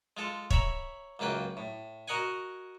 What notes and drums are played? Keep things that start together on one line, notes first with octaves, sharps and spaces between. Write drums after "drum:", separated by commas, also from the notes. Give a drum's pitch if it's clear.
G#3 F4 A4
C#5 E5 A#5 B5, drum: kick
C#2 F#2 A#3 B4 G5
A2
F#4 A#4 D#5 F#5 G#5